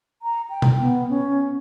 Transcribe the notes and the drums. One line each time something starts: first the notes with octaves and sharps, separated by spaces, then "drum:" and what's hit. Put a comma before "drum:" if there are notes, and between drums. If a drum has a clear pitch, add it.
A#5
G5
drum: tom B2
B3
C#4